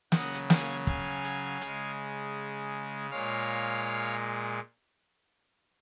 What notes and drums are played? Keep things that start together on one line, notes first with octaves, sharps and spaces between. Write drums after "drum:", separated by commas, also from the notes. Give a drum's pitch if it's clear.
C#3 F#3 D#5 F#5, drum: snare
drum: hi-hat
F5 G#5, drum: snare
F5 G#5, drum: kick
drum: hi-hat
C#3 G#3, drum: hi-hat
A#2 G#3 C#5 F5